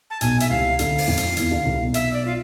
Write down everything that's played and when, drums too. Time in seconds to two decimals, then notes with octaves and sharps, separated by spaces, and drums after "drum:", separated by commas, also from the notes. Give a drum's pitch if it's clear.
0.10 A5
0.21 B1 B2 G#5, drum: hi-hat
0.40 E5, drum: hi-hat
0.50 C2 C3 F5
0.79 D2 D3 F5, drum: hi-hat
0.98 drum: open hi-hat
1.08 F2 F3
1.17 drum: hi-hat
1.37 E2 E3, drum: hi-hat
1.51 D2 D3
1.66 C2 C3
1.80 B1 B2
1.94 E5, drum: hi-hat
2.13 D5
2.26 F4